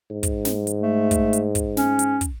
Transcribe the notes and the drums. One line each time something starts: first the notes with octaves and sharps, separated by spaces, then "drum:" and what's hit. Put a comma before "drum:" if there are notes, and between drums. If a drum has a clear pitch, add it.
G#2
drum: kick, hi-hat
drum: snare
drum: hi-hat
A3
drum: kick, hi-hat
drum: hi-hat
drum: kick, hi-hat
C#4, drum: snare
drum: hi-hat
drum: kick, hi-hat